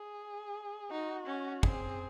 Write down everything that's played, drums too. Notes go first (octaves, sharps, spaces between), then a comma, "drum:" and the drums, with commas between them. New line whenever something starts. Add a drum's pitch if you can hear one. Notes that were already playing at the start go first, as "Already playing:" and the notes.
Already playing: G#4
D#4 F#4
C#4
C4 G#4, drum: kick